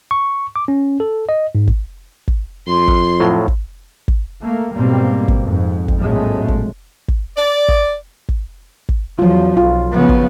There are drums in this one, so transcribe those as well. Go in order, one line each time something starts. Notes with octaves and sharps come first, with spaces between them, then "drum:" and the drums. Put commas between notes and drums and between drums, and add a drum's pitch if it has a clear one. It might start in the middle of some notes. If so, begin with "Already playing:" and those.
C#6
D6
C#4
A4
D#5
G#2
drum: kick
drum: kick
F2 C6
drum: kick
A2 F3 F#3
drum: kick
drum: kick
A3 A#3
G#2 B2 G3 A#3 C4
drum: kick
F2 G#2
drum: kick
A#1 F2 A2 F#3 G#3 A3
drum: kick
drum: kick
D5
drum: kick
drum: kick
drum: kick
E2 F3 F#3 F4
B1 F4
C#3 F3 B3
drum: kick